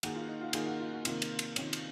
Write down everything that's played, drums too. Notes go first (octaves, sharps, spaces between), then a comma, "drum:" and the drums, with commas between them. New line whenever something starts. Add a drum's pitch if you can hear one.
D#3 A#3 D#4 F#4 G#4, drum: cymbal
F4
D#4
F4
D#3 A#3 D#4 F4 G#4, drum: cymbal
F#4
F4
F#4
C3 D#3 A#3 F4, drum: cymbal
drum: cymbal
drum: cymbal
C3 D#3 A#3 C#4, drum: cymbal
drum: cymbal